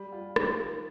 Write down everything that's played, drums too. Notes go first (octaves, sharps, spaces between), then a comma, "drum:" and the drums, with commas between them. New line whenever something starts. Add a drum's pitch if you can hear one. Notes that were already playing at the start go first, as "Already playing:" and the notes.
Already playing: G3
F4
D#3, drum: rim click